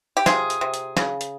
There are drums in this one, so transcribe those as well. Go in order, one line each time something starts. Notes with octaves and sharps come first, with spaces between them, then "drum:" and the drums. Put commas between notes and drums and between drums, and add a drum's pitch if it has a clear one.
G4
C3 F4 G#4, drum: snare
drum: hi-hat
C3
drum: hi-hat
C#3, drum: snare
drum: hi-hat